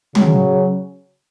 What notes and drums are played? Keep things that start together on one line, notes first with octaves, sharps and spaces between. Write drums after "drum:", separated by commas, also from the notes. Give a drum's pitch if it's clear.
C#3 F#3 C#4, drum: tom